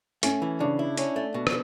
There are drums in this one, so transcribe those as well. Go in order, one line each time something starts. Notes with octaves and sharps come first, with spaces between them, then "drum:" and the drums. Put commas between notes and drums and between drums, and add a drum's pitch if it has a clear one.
A3 C#4, drum: hi-hat
E3
C#3 D4
E4
C#4, drum: hi-hat
A3
B2
drum: rim click